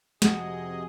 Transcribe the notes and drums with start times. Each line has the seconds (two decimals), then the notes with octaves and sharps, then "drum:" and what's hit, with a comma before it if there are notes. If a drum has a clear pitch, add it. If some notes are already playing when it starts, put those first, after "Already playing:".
0.22 F2 C3 F#4 G#4 D#5 F#5, drum: snare